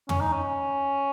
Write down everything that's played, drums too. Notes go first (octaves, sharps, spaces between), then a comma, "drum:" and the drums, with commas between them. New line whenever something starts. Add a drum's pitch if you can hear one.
C#4, drum: tom
D#4
C#4